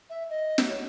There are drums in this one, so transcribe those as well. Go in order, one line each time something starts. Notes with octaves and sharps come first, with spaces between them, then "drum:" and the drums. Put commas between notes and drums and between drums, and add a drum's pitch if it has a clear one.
E5
D#5
drum: snare
C#5